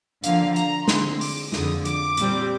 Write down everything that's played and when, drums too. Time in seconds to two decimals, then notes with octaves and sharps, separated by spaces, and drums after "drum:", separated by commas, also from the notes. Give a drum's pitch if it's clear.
0.24 D3 F3 A#3 F5, drum: hi-hat
0.56 A#5, drum: hi-hat
0.88 D3 G#3 C4 C6, drum: snare
1.21 D6, drum: open hi-hat
1.52 F2 D3 F3 G#3 D#6, drum: snare
1.85 D6, drum: hi-hat
2.17 A#2 G3 C4, drum: hi-hat